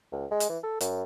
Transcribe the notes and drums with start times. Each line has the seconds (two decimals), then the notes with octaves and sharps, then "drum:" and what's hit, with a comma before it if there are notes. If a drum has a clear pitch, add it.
0.12 C#2
0.31 G#3
0.40 drum: hi-hat
0.49 E3
0.63 A4
0.81 F#2, drum: hi-hat